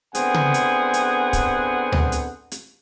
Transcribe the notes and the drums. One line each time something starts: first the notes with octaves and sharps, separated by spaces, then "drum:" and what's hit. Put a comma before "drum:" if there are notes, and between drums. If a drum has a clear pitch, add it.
D3 B3 C4 G#4 F#5 G#5, drum: hi-hat
drum: tom C#3
drum: hi-hat
drum: hi-hat
drum: kick, hi-hat
drum: tom D2
drum: hi-hat
drum: hi-hat